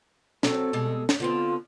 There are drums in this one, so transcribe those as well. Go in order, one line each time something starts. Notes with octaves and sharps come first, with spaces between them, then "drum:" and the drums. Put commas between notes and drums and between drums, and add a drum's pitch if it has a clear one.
F#3 C4 F#4 A4, drum: snare
B2 G3 G#3
drum: snare
D3 B3 C4 F4